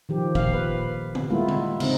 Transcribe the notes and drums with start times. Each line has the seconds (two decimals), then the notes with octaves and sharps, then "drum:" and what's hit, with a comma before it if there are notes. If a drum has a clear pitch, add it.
0.09 D#3 F3 G4
0.35 A#2 F5, drum: kick
0.53 B4
1.15 drum: tom
1.30 G3 G#3 A#3 B3 E4 F4
1.48 drum: tom
1.80 C#3 C4 D#4, drum: cymbal